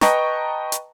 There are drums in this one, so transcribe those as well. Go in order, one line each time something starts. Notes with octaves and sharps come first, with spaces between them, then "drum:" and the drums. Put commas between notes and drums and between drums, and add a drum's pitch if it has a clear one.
B4 D#5 G5 A5 A#5 C#6, drum: snare
drum: hi-hat